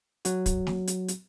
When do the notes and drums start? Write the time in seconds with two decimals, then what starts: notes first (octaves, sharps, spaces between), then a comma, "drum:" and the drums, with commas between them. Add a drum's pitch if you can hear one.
0.25 F#3 F#4, drum: hi-hat
0.46 drum: kick, hi-hat
0.67 drum: snare
0.87 drum: hi-hat
1.08 drum: hi-hat